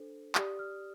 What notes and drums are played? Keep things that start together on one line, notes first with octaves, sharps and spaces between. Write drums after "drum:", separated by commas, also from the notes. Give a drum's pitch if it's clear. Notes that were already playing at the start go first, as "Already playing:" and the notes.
Already playing: D4 A4 C5
G4 D5 D#6, drum: clap
F6